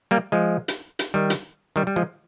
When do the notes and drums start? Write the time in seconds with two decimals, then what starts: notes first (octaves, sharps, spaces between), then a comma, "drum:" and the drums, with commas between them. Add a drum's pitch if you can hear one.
0.11 G3 A#3
0.32 F3 G#3
0.68 drum: hi-hat
0.99 drum: hi-hat
1.14 D#3 G3
1.30 drum: hi-hat
1.76 D#3 G3
1.87 G3
1.96 F3 G#3